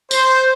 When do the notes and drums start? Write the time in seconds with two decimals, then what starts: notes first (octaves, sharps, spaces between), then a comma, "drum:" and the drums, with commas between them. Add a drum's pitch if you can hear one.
0.11 C5, drum: tambourine